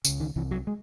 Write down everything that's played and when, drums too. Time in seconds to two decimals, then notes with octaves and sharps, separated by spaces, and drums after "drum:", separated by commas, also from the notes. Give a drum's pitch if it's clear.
0.05 C#2 C#3, drum: tambourine
0.20 D#3
0.36 C2 C3 E3
0.51 F#3
0.67 G#3